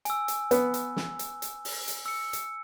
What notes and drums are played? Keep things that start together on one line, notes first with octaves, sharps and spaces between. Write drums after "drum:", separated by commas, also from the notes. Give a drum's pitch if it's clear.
G#5 E6, drum: hi-hat
drum: hi-hat
B3, drum: hi-hat
drum: hi-hat
drum: snare
drum: hi-hat
drum: hi-hat
drum: open hi-hat
drum: hi-hat
E6 C#7
drum: hi-hat